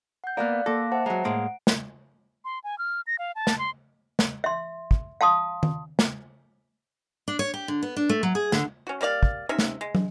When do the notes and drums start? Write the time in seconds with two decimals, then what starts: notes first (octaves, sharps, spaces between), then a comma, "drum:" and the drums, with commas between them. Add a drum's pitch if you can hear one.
0.24 F#5 G6
0.37 A#3 B3 A#4 D5 F5 F#5 F#6
0.66 A#3 A4 D6 A#6
0.92 C5 E5 F#5 A5
1.06 F#3 G#3 F#5 A#5
1.25 A2 G#3 A#3 D7
1.67 drum: snare
2.45 C6
2.64 G#5
2.78 F6
3.07 A#6
3.19 F5
3.35 A5
3.47 drum: snare
3.59 C6
4.19 drum: snare
4.44 E5 C6
4.91 drum: kick
5.21 F5 A5 C6 D#6
5.63 drum: tom D#3
5.99 drum: snare
7.28 D4
7.39 C#5
7.54 G4
7.68 D3
7.83 B3
7.96 D4
8.09 A3
8.23 F#3
8.35 G#4
8.52 D3, drum: snare
8.87 C#4 F#4
9.01 G3 A#3 D5 F5
9.23 drum: kick
9.49 C3 C#4 D#4 E5
9.59 drum: snare
9.81 G#3
9.95 drum: tom